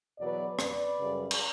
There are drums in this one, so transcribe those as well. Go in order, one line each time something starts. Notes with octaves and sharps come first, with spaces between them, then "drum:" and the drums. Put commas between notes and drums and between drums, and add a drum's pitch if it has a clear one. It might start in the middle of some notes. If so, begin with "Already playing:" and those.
E2 B2 F#3 B4 D5
B4 D5, drum: rim click
F#2 C#3 G3
drum: cymbal